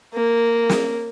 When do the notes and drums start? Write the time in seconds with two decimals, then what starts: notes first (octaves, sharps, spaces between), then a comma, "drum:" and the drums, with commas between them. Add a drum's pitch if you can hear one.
0.14 A#3
0.69 drum: snare